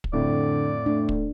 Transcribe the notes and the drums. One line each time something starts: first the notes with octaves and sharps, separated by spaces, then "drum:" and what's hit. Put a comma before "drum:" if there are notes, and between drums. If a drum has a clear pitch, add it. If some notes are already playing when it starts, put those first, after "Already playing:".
drum: kick
F2 A2 D3 D5
A3 D4
drum: kick